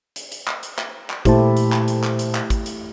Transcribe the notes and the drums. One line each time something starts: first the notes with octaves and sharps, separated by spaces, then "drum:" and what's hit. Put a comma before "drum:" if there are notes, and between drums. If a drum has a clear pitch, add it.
drum: hi-hat
drum: hi-hat
drum: clap
drum: hi-hat
drum: clap
drum: clap
A#2 A3 E4 G4 C5 A5, drum: kick, hi-hat
drum: hi-hat
drum: clap
drum: hi-hat
drum: clap
drum: hi-hat
drum: clap
drum: kick, hi-hat
drum: hi-hat